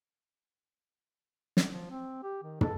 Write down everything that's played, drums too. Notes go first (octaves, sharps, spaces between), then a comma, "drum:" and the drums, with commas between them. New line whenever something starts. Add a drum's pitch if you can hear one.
drum: snare
F3
C4
G4
D#3
A4, drum: tom